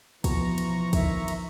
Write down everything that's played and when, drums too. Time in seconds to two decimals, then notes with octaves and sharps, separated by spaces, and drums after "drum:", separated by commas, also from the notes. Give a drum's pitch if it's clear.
0.24 B2 E3 F3 A#5 C#6, drum: kick, cymbal
0.58 drum: cymbal
0.93 G1 D#3 E5, drum: kick, cymbal
1.28 drum: cymbal